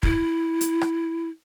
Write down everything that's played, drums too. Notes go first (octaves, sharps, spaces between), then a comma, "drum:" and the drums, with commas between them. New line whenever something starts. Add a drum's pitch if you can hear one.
E4, drum: kick
drum: hi-hat
drum: rim click